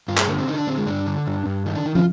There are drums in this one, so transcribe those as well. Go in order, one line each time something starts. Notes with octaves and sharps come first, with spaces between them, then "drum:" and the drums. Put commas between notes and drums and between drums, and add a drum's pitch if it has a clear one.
G2 F4
G#4, drum: clap
D3 A#3
C4
D3 D#4
D4
D3 C4
G#3
G2 D4
D3
G2
G2
D#3 D#4
D4
D#3 D#4
F4, drum: tom